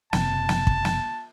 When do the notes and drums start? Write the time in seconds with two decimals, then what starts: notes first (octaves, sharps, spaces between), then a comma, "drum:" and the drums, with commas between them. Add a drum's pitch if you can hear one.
0.13 F#1 C3 A5, drum: snare
0.49 drum: snare
0.67 drum: kick
0.85 drum: snare